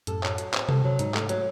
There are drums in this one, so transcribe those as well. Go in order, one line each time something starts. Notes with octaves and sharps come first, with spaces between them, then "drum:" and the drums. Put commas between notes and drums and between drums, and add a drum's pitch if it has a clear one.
F#2 A2 A4, drum: hi-hat
F#3, drum: clap
F#4, drum: hi-hat
C4, drum: clap
A4, drum: tom C3
F#3
G#2 D#4, drum: hi-hat
A3, drum: clap
F#3, drum: hi-hat